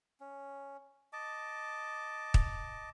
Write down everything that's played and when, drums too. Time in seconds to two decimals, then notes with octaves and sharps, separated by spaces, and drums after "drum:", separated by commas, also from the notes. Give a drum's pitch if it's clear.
0.20 C#4
1.13 D#5 A5 D6
2.34 drum: kick